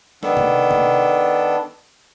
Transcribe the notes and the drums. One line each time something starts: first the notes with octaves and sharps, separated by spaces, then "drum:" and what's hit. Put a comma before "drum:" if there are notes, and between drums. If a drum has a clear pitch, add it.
D#3 B3 D4 A4, drum: snare
drum: tom C3
drum: tom C3